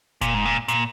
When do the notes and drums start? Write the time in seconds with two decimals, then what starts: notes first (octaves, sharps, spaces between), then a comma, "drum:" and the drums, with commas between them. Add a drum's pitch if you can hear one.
0.21 A#2, drum: kick F1, hi-hat
0.34 G#2
0.45 A#2
0.68 A#2, drum: hi-hat